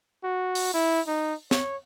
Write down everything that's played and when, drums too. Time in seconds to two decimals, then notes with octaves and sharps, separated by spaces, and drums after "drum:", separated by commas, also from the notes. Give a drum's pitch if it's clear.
0.24 F#4
0.55 drum: open hi-hat
0.74 E4
1.07 D#4
1.51 C#5, drum: snare